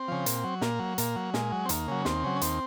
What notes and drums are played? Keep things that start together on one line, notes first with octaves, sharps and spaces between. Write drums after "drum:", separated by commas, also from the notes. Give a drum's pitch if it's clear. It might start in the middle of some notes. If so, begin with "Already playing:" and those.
Already playing: C4
C#3 F3
A#2, drum: hi-hat
F#3
A#2 A#3, drum: snare
F#3
A#2 A#3, drum: hi-hat
F#3
A#2 G#3, drum: snare
F#3
C4
D#2 A#3, drum: hi-hat
C#3 F#3
D#2 C4, drum: snare
C#3 F#3
C#4
D#2 C4, drum: hi-hat